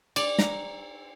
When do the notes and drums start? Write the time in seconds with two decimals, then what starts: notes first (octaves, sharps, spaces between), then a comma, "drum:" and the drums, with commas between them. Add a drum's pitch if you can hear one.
0.16 D5, drum: cymbal
0.38 A#5, drum: snare